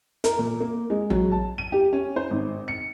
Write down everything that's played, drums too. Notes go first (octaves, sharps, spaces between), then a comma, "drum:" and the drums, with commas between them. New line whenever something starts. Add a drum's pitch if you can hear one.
A#4, drum: hi-hat
A#2
A#3
G#3
F#3, drum: tom A#1
A5
D#7
G4
C#4
C5
G#1
C#7